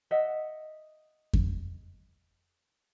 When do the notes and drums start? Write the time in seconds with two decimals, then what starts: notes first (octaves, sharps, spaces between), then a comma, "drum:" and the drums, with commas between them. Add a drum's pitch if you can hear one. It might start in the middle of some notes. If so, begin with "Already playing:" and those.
0.11 D#5 E5 F#5
1.33 drum: kick F2